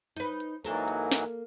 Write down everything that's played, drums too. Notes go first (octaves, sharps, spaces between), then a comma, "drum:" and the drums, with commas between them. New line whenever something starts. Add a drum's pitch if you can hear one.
D#4 B4, drum: hi-hat
drum: hi-hat
G#2 E3 F#3 A#3 A4 A#4, drum: hi-hat
drum: hi-hat
drum: snare